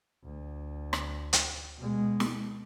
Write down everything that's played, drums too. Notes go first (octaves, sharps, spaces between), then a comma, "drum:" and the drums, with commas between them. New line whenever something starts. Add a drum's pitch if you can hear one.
D2
drum: rim click
drum: hi-hat
B2 G#3
drum: snare